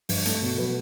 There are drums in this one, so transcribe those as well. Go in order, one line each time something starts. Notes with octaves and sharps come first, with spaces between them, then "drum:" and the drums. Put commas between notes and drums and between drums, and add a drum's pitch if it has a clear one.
G2, drum: open hi-hat
A3, drum: hi-hat
B2
F#3 B4